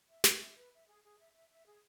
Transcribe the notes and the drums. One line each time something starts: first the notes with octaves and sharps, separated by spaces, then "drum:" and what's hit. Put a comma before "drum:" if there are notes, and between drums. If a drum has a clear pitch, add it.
E5
B4, drum: snare
E5
B4
E5
G#4
G#4
E5
E5
E5
G#4